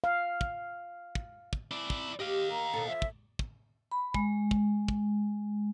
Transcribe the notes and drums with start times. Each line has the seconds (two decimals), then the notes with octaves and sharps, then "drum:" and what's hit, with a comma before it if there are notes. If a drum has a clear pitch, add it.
0.04 F5
0.41 drum: kick
1.15 drum: kick
1.53 drum: kick
1.71 E4 D5
1.90 drum: kick
2.20 G4 D#5 F5
2.51 A#3 A#5
2.73 D#2 B2 A4
2.87 F3 E5
3.02 drum: kick
3.39 drum: kick
3.92 B5
4.14 G#3, drum: kick
4.51 drum: kick
4.88 drum: kick